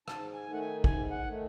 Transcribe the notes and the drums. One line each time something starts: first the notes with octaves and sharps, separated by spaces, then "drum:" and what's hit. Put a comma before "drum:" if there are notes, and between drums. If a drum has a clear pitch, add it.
G#2 A5, drum: rim click
G#5
D#3 A3
F#5
G#5
G#2 G#5, drum: kick
F#5
D#3 A3